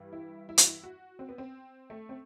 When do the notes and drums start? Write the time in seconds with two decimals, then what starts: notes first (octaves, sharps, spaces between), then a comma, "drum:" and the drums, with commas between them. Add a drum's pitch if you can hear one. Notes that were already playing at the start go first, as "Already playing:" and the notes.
Already playing: G2 E3 G3
0.13 E4
0.49 E4
0.58 F#4, drum: hi-hat
0.66 E4
0.83 F#4
1.19 C4
1.29 B3
1.38 C4
1.90 A3
2.09 C4